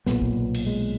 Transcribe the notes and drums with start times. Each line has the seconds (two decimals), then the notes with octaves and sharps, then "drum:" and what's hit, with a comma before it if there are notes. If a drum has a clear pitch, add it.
0.06 B1 A#2 B3, drum: snare
0.22 drum: kick
0.54 drum: cymbal
0.67 G#3